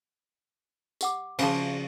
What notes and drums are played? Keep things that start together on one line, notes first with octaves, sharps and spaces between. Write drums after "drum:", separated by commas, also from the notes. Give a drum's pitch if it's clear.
G4 F#5 D6, drum: tambourine
C#3 F3 G#4 C5, drum: cymbal